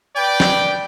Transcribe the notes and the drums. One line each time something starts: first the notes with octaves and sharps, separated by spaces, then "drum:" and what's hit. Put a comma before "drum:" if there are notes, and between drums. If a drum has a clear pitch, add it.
B4 D5 G5
drum: snare